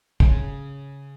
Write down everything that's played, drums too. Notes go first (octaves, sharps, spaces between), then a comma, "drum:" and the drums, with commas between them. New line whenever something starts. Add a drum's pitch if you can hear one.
C#3, drum: kick